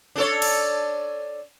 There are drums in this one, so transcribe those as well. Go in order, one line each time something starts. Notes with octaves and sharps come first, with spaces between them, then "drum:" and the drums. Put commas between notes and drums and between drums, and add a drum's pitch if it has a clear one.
D4 A4 C#5
drum: cymbal